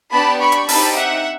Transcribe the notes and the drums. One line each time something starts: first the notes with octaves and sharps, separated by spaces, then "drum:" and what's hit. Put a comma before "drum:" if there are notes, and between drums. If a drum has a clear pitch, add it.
B3 D4 G4 A5 B5
B5 C#6
drum: hi-hat
C4 D#4 G4 A5 B5, drum: open hi-hat
E5 F#5